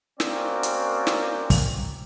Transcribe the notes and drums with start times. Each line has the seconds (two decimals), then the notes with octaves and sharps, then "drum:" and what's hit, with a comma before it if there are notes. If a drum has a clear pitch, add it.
0.20 A#3 C4 C#4 F#4 A#4 D5, drum: snare
0.63 drum: hi-hat
1.07 drum: snare
1.50 drum: kick, open hi-hat